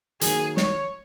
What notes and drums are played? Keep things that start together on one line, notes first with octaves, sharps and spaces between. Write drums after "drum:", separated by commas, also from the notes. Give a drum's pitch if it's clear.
D#3 F#3 A#3 G#4, drum: hi-hat
C#5, drum: snare